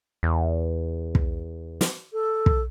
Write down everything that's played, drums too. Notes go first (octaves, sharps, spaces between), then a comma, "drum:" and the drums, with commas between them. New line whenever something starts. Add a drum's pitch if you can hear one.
E2
drum: kick
drum: snare
A4
drum: kick